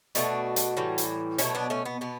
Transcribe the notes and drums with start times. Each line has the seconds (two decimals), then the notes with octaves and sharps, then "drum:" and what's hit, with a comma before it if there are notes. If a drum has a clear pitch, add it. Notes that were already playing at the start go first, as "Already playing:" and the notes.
0.15 B2 A3 D4 F#4, drum: hi-hat
0.56 drum: hi-hat
0.77 A2 E3 G3
0.98 drum: hi-hat
1.38 B2 F#3 A3 C#4 E4, drum: hi-hat
1.55 B3 D4
1.70 A3 C#4
1.85 B3
2.01 B2 B3